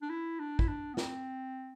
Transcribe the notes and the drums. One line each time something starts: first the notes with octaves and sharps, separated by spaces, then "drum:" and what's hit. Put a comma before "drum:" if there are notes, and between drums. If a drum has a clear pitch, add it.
D4
E4
D4
E4, drum: kick
D4
B3
C4, drum: snare